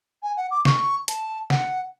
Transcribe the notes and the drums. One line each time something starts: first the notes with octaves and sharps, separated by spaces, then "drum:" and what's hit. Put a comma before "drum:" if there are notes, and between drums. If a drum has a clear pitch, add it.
G#5
F#5
D6
C#6, drum: snare
A5, drum: hi-hat
F#5, drum: snare